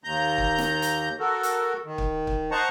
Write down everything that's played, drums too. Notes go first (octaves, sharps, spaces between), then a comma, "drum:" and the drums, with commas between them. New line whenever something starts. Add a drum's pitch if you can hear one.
D#2 A#5 G6
drum: kick
drum: snare
drum: hi-hat
F#4 A4 A#4
drum: hi-hat
D#3
drum: kick
drum: kick
C5 D#5 F#5 A5 A#5 C#6